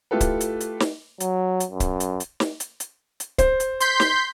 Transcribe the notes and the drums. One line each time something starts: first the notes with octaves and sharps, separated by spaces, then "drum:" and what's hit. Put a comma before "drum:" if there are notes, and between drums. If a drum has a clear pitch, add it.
A3 E4 F4 G4 A4 B4
drum: kick C#1, hi-hat
drum: hi-hat
drum: hi-hat
drum: snare
F#3, drum: hi-hat
drum: hi-hat
F#2
drum: kick C#1, hi-hat
drum: hi-hat
drum: hi-hat
drum: snare
drum: hi-hat
drum: hi-hat
drum: hi-hat
C5, drum: kick C#1, hi-hat
drum: hi-hat
C6 G6 B6, drum: hi-hat
drum: snare